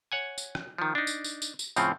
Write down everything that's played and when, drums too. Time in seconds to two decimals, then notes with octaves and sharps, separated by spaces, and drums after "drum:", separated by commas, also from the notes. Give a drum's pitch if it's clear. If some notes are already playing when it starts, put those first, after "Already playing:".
0.12 C#5 F#5 G#5
0.38 drum: tambourine
0.55 drum: rim click
0.78 D#3 F3
0.95 D4 D#4
1.07 drum: tambourine
1.24 drum: tambourine
1.42 drum: tambourine
1.59 drum: tambourine
1.76 A2 C#3 F3 C4, drum: tambourine